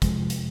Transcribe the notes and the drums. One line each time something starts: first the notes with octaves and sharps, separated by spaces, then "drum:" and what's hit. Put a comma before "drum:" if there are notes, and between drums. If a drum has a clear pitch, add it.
F2 C3 F3 G#3, drum: kick, hi-hat
drum: hi-hat